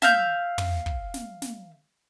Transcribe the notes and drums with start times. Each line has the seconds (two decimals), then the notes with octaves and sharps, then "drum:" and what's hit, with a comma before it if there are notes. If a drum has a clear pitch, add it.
0.02 E5 F5 G6, drum: snare
0.58 drum: tom
0.86 drum: kick
1.14 drum: snare
1.42 drum: snare